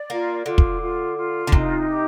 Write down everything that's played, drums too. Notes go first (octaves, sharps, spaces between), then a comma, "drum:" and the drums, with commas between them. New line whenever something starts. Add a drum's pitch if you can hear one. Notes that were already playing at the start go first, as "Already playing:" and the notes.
Already playing: D5
A#3 F4
D3 F4
drum: kick
F4
F4
D3
C3 D#4, drum: kick
G4